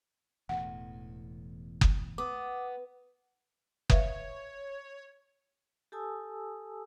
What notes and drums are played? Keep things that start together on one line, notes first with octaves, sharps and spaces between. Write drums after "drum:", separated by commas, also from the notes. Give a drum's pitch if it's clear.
E1 E2 A2 F#5
drum: kick F#1
B3 D6 D#6
B4 C#5 E5 F5, drum: kick F#1
G4 A4 G#5 A5 D#6 E6